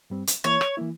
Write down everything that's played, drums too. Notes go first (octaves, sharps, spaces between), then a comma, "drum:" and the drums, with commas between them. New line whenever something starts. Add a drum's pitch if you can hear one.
G2 G3 C4
drum: hi-hat
E3 A#3 E4 C#5
drum: rim click
E3 A#3 E4